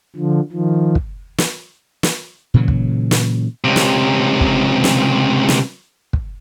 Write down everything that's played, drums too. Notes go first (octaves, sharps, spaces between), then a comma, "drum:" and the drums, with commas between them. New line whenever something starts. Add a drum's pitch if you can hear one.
D3 F3
D#3 F3
drum: kick
drum: snare
drum: snare
A#2 C#3 E3 F#3
drum: kick
drum: snare
C#2 C3
drum: snare
drum: kick
drum: snare
drum: snare
drum: kick